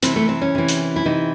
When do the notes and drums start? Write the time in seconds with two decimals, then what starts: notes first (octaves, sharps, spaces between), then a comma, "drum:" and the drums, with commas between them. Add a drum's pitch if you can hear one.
0.03 C3 E3 C4, drum: hi-hat
0.16 A3
0.29 C4
0.42 C#4
0.55 C3 E3
0.68 drum: hi-hat
0.96 E4
1.05 C3 E3 D#4